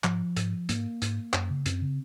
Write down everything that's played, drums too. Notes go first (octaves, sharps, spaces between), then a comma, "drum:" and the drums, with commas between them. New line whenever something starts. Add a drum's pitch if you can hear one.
G#2 F3, drum: clap
G#2, drum: hi-hat
G#2 A#3, drum: hi-hat
G#2, drum: hi-hat
F#2, drum: clap
C#3
F#2 C4, drum: hi-hat
C#3